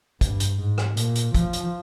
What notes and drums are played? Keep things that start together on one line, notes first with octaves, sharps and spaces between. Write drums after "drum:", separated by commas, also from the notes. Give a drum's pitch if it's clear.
G2, drum: kick, hi-hat
drum: hi-hat
G#2
drum: rim click
A#2, drum: hi-hat
drum: hi-hat
F3, drum: kick, hi-hat
drum: hi-hat